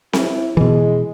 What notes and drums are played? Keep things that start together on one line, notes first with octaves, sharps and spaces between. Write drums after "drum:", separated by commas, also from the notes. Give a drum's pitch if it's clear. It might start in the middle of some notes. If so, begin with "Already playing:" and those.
E4, drum: snare C4
B2 E3 G#3